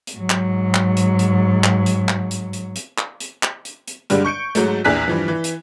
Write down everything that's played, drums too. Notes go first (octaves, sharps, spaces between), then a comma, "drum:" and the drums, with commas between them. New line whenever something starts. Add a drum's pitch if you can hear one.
drum: hi-hat
G#2 F#3
drum: clap
drum: clap
drum: hi-hat
drum: hi-hat
drum: clap
drum: hi-hat
drum: clap
drum: hi-hat
drum: hi-hat
drum: hi-hat
drum: clap
drum: hi-hat
drum: clap
drum: hi-hat
drum: hi-hat
G2 D3 G3 G#3 D4, drum: hi-hat
C#6 G6 C#7 D7
G#2 F#3 G#3 A3, drum: hi-hat
A#1 E2 D4 G#5 F#6 B6
G2 E3 F3
E3
drum: hi-hat